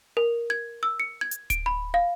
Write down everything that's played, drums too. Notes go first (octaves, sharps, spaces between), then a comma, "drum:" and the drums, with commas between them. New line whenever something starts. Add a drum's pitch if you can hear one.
A#4
G#6
E6
C#7
G#6
drum: hi-hat
D7, drum: kick D1, hi-hat
B5
F5